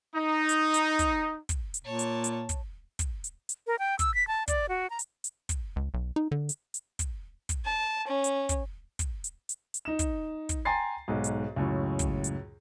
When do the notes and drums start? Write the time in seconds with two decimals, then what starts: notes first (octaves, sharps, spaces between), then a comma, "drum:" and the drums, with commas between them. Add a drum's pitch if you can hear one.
0.16 D#4
0.49 drum: hi-hat
0.74 drum: hi-hat
0.99 drum: kick, hi-hat
1.49 drum: kick, hi-hat
1.74 drum: hi-hat
1.84 A#2 C#5 A5
1.99 drum: hi-hat
2.24 drum: hi-hat
2.49 drum: kick, hi-hat
2.99 drum: kick, hi-hat
3.24 drum: hi-hat
3.49 drum: hi-hat
3.67 A#4
3.79 G5
3.99 E6, drum: kick, hi-hat
4.15 B6
4.28 A5
4.48 D5, drum: kick, hi-hat
4.69 F#4
4.90 A#5
4.99 drum: hi-hat
5.24 drum: hi-hat
5.49 drum: kick, hi-hat
5.76 C#2
5.94 B1
6.16 D#4
6.32 D3
6.49 drum: hi-hat
6.74 drum: hi-hat
6.99 drum: kick, hi-hat
7.49 drum: kick, hi-hat
7.65 A5
8.07 C#4
8.24 drum: hi-hat
8.49 drum: kick, hi-hat
8.99 drum: kick, hi-hat
9.24 drum: hi-hat
9.49 drum: hi-hat
9.74 drum: hi-hat
9.85 D#4 E7
9.99 drum: kick, hi-hat
10.49 drum: kick, hi-hat
10.65 G5 G#5 A#5 C6 A6 C7
11.08 B1 G#2
11.24 drum: hi-hat
11.56 C#2 F#2 A2
11.99 drum: kick, hi-hat
12.24 drum: hi-hat